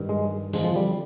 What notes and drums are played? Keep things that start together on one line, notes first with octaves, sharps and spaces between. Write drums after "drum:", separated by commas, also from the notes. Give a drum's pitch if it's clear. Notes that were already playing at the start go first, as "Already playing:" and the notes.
Already playing: G2 D#3
G#3
F2 D3 F3 G#3, drum: open hi-hat
F3
G3